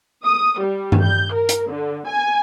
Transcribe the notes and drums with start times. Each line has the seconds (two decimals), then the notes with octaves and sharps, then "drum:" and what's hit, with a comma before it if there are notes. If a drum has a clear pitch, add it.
0.24 D#6
0.60 G3
0.92 drum: tom G2
1.03 G6
1.34 A#4
1.49 drum: hi-hat
1.68 D3
2.07 G#5